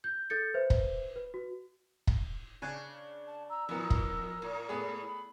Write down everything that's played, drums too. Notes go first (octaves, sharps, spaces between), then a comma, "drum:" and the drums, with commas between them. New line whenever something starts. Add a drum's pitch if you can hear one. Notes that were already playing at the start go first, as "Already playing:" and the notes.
G6
A4 G6 A6 C#7
B4 C5 E5
drum: kick
B4
F#4
drum: kick
C#3 D4 G#5 F#6
A5
A#5 E6
F2 E3 B3 A#4
drum: kick
A2
A3 B3 G#4 B5